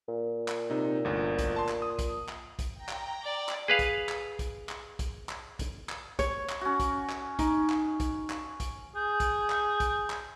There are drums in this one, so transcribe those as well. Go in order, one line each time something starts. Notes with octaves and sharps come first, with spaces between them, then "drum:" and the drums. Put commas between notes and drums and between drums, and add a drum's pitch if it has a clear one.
A#2
drum: clap
C3 D#4
G1 D2
drum: kick, hi-hat
A5 C6
drum: clap
D#6
drum: kick, hi-hat
drum: clap
drum: kick, hi-hat
G5 A#5
drum: clap
D5
drum: clap
G#4 B4 F5
drum: kick, hi-hat
drum: clap
drum: kick, hi-hat
drum: clap
drum: kick, hi-hat
drum: clap
drum: kick, hi-hat
drum: clap
C#5, drum: kick, hi-hat
drum: clap
C#4 F#4
drum: kick, hi-hat
drum: clap
D#4, drum: kick, hi-hat
drum: clap
drum: kick, hi-hat
drum: clap
drum: kick, hi-hat
G#4 G6
drum: kick, hi-hat
drum: clap
drum: kick, hi-hat
drum: clap